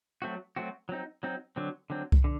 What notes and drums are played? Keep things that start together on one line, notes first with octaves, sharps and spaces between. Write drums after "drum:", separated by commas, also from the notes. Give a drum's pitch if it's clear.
F#3 A3 C4 F#4
F#3 A3 C4 F#4
F#3 C4 D#4
F#3 C4 D#4
D3 F#3 C4
D3 F#3 C4
drum: kick C2
D3